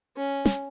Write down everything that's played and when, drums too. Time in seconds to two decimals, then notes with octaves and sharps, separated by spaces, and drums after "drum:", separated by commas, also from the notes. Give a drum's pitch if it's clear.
0.16 C#4
0.45 drum: snare